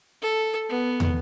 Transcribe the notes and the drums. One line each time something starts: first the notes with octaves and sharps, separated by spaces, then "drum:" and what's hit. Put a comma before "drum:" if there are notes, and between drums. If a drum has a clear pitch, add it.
A4
B3
drum: tom